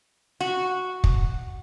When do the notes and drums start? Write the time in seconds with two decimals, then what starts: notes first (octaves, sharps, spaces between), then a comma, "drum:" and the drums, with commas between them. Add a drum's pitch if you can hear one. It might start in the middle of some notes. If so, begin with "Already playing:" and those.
0.41 F#4
1.04 drum: kick